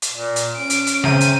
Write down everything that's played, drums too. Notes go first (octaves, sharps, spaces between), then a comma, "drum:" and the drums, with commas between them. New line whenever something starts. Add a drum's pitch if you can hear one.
drum: hi-hat
A#2
drum: hi-hat
C#4 D7
drum: hi-hat
drum: hi-hat
C#3 C4 E5 A#5 G6 D#7, drum: rim click
drum: hi-hat